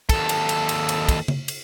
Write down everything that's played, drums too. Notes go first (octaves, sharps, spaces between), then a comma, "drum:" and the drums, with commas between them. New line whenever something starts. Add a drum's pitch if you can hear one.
D#2 A4, drum: kick, cymbal
drum: cymbal
drum: cymbal
drum: cymbal
drum: cymbal
drum: kick, cymbal
drum: tom C#3
drum: cymbal